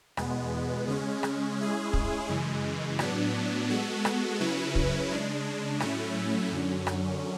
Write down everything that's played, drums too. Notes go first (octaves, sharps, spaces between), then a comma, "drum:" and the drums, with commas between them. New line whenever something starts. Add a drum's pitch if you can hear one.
E2 B2 G#3 B3, drum: rim click
C#3 G#3 C#4
drum: rim click
G#3 C#4 E4 G#4
drum: kick
F#2 C#3 E3 G#3
A2 F#3 B3 D4, drum: rim click
G#3 B3 F#4 A4
drum: rim click
C#3 F#3 C#4 E4 B4
drum: kick
C#3 G#3 D4
A2 F#3 A3 C#4 E4, drum: rim click
F#2 D3 F#3 C#4
drum: rim click